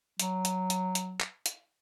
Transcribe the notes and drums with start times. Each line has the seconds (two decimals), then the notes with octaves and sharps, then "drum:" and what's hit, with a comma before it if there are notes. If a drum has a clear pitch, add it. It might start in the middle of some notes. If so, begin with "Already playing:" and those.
0.19 F#3, drum: hi-hat
0.45 drum: hi-hat
0.70 drum: hi-hat
0.95 drum: hi-hat
1.20 drum: clap
1.46 drum: hi-hat